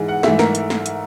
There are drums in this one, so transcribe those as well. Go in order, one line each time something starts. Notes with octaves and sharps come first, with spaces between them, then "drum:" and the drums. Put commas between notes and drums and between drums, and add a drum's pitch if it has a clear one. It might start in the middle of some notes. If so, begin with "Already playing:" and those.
Already playing: G#2 E3 G#3
F#5
G#2 E3 A3 E5, drum: snare
A#4, drum: snare
drum: hi-hat
drum: snare
drum: hi-hat